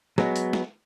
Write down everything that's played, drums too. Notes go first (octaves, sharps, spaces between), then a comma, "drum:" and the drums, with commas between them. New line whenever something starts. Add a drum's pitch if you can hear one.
F#3 G#3 B3, drum: snare
drum: hi-hat
drum: snare